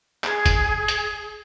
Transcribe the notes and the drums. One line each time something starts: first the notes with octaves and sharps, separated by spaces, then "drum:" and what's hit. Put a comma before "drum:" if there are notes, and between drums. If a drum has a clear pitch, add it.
G#4, drum: clap
drum: kick, hi-hat
drum: hi-hat